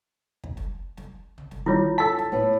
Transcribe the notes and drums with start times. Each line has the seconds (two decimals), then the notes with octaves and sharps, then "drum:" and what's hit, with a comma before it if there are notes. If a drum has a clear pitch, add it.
0.44 drum: kick
0.57 drum: snare
0.97 drum: snare
1.38 drum: tom
1.51 drum: snare
1.66 D#3 G3 E4 F4 C#5
1.98 A4 A5 B6
2.19 drum: snare
2.32 A2 B3